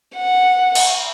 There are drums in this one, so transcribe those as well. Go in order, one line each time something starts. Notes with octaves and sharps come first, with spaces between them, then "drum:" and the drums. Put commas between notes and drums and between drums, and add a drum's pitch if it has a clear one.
F#5
drum: cymbal